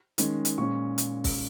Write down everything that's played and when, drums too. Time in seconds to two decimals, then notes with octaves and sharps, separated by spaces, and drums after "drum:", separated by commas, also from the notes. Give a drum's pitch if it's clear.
0.18 D#3 G#3 C#4, drum: hi-hat
0.45 drum: hi-hat
0.58 A#2 G#3 C#4 C#6
0.98 drum: hi-hat
1.24 drum: kick, open hi-hat